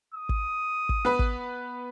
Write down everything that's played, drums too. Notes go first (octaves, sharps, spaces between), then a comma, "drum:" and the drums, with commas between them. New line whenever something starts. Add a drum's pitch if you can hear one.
D#6
drum: kick
drum: kick
B3 B4
drum: kick